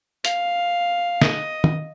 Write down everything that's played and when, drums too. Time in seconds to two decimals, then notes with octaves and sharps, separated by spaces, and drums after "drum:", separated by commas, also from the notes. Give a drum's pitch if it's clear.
0.25 F5, drum: hi-hat
1.22 D#5, drum: snare
1.64 drum: tom